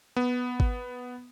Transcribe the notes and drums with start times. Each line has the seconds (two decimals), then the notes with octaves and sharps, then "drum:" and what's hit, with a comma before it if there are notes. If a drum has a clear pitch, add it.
0.16 B3
0.60 drum: kick G#1